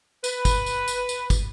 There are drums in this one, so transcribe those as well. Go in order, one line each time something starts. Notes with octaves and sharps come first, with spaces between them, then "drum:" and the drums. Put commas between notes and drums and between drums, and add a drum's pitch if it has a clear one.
B4, drum: tambourine
drum: kick, tambourine
drum: tambourine
drum: tambourine
drum: tambourine
drum: kick, tambourine